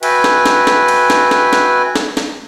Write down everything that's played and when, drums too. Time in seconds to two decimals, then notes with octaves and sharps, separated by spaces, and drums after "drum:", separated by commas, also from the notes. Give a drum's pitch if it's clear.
0.03 F#4 B4 E5 G5 G#5, drum: cymbal
0.24 drum: snare
0.46 drum: snare
0.67 drum: snare
0.88 drum: cymbal
1.10 drum: snare
1.31 drum: snare
1.53 drum: snare
1.96 drum: snare
2.17 drum: snare